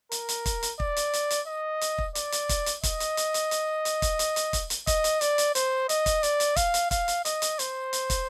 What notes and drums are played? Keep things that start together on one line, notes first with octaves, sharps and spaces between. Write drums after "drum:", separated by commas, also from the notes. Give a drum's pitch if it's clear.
A#4, drum: hi-hat
drum: hi-hat
drum: kick, hi-hat
drum: hi-hat
D5, drum: kick
drum: hi-hat
drum: hi-hat
drum: hi-hat
D#5
drum: hi-hat
drum: kick
D5, drum: hi-hat
drum: hi-hat
drum: kick, hi-hat
drum: hi-hat
D#5, drum: kick, hi-hat
drum: hi-hat
drum: hi-hat
drum: hi-hat
drum: hi-hat
drum: hi-hat
drum: kick, hi-hat
drum: hi-hat
drum: hi-hat
drum: kick, hi-hat
drum: hi-hat
D#5, drum: kick, hi-hat
drum: hi-hat
D5, drum: hi-hat
drum: hi-hat
C5, drum: hi-hat
D#5, drum: hi-hat
drum: kick, hi-hat
D5, drum: hi-hat
drum: hi-hat
F5, drum: kick, hi-hat
drum: hi-hat
F5, drum: kick, hi-hat
drum: hi-hat
D#5, drum: hi-hat
drum: hi-hat
C5, drum: hi-hat
drum: hi-hat
drum: kick, hi-hat